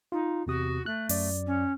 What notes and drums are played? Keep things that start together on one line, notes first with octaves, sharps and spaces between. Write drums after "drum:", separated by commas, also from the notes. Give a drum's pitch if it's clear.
D#4 F4
E2 C3 F#4 D#6
A3 F#6
F#2 D5, drum: open hi-hat
C#4